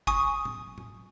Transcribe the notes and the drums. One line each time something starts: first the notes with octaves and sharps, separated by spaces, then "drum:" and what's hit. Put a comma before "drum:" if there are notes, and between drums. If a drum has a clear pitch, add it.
G#5 C#6 D#6, drum: kick
drum: tom A2
drum: tom A2